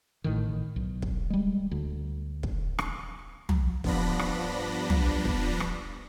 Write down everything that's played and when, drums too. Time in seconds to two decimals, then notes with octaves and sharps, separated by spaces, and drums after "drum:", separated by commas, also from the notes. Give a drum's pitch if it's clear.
0.24 A1 A2 D#3
0.76 B1
1.02 drum: kick
1.30 G3 G#3
1.71 D2
2.43 drum: kick
2.79 drum: rim click
3.49 drum: tom
3.84 G2 F3 B3 D4 B5 A#6, drum: kick
4.19 drum: rim click
4.90 drum: tom
5.25 drum: kick
5.60 drum: rim click